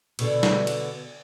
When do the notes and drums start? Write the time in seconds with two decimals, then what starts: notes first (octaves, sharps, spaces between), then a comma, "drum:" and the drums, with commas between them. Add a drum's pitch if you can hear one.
0.19 B2 D3, drum: cymbal
0.43 drum: snare
0.67 drum: cymbal